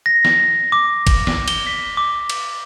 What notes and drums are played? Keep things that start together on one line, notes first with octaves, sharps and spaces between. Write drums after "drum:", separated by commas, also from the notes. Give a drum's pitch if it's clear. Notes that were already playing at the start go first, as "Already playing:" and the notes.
A#6
drum: snare
D6
drum: kick, cymbal
drum: snare
G7, drum: cymbal
B6
D6
drum: cymbal